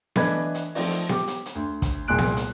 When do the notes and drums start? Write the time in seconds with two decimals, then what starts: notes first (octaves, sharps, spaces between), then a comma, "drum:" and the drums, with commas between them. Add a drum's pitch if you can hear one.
0.16 E3 A3 D4 B4 D#5 G#6, drum: snare B3
0.55 drum: hi-hat
0.75 F3 A3 C4 D#4 F4 D5, drum: open hi-hat
0.91 drum: hi-hat
1.09 G4 D6, drum: snare B3
1.27 drum: hi-hat
1.46 drum: hi-hat
1.55 D2
1.82 drum: kick, hi-hat
2.08 C2 A#2 G#4 F#6 D7
2.18 drum: snare B3
2.37 drum: hi-hat